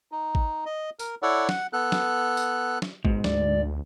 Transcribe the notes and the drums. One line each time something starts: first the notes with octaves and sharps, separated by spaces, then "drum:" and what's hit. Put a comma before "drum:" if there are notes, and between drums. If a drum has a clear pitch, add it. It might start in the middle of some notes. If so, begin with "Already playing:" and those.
D#4
drum: kick A1
D#5
A#4, drum: tambourine
E4 A4 C#5 D5 F#5
F#5, drum: snare
B3 A4 F#6
drum: snare
drum: tambourine
drum: snare
G#2 B2, drum: kick A1
D2 D5, drum: snare